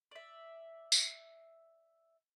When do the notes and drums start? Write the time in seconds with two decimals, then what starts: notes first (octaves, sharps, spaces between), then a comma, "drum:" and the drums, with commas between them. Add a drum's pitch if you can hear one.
0.11 D5 E5
0.92 drum: tambourine